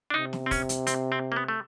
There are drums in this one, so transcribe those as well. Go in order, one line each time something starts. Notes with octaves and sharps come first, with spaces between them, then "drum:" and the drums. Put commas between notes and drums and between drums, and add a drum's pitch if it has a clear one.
D4
C3 D#4
drum: snare
C4
C#4, drum: kick, open hi-hat
drum: hi-hat
C4, drum: hi-hat
C4
A#3
B3
A3